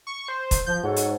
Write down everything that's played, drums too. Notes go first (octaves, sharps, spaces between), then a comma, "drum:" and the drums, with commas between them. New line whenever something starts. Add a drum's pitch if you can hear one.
C#6
C5
drum: kick, hi-hat
F3 G6
G#2 F#4 A4 C#5
drum: hi-hat